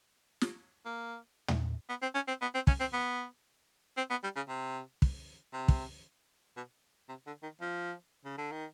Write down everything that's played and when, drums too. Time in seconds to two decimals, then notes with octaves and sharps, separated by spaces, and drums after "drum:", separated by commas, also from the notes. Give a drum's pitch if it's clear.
0.41 drum: snare
0.85 A#3
1.48 drum: tom
1.89 B3
2.02 C4
2.15 C#4
2.28 C4
2.42 B3
2.54 C4
2.67 C#4, drum: kick
2.80 C4
2.93 B3
3.97 C4
4.10 B3
4.23 G3
4.36 C#3
4.48 C3
5.02 drum: kick
5.53 C3
5.68 drum: kick
6.57 B2
7.09 C3
7.27 D3
7.43 D#3
7.61 F3
8.25 C#3
8.38 D3
8.52 D#3